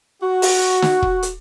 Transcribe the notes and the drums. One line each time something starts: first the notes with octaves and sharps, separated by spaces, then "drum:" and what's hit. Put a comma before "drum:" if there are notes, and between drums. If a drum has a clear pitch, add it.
F#4
drum: open hi-hat
drum: snare
drum: kick
drum: hi-hat